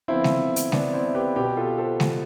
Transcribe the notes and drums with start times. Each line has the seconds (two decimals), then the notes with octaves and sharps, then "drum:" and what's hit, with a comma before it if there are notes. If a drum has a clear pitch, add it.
0.08 D3 F3 B3 C4 E4
0.24 drum: snare G#3
0.56 drum: hi-hat
0.72 B3 D4, drum: snare G#3
0.93 C4 E4
1.15 G4 B4
1.36 B2 B3 G4 B4
1.57 F4 A4
1.78 A4 C5
2.00 drum: snare G#3